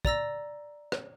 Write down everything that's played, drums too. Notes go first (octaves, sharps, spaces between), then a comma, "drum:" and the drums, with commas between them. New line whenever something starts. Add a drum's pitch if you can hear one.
D5 A#5 E6 A#6, drum: kick
drum: rim click